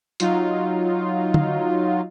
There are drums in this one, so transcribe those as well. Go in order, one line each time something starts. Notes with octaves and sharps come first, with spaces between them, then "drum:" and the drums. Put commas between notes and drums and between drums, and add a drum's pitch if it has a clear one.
F#3 D#4 F4, drum: hi-hat
drum: tom D3